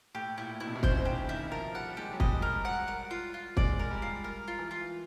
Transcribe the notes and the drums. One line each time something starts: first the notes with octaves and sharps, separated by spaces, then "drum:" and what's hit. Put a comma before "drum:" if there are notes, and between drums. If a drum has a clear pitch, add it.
A2 G4
A#2 E4
B2 E4
C3
B2
C#3 C5, drum: kick
D#3 G4
D#3 E4
F3 A#4
G3 F#5
G3
G#3 G4
F#3
G3 D#5, drum: kick
A#4
F#5
A#4
F4
F4
G#3 D5, drum: kick
A#4
G3
F4
A#4
F4
E3
F4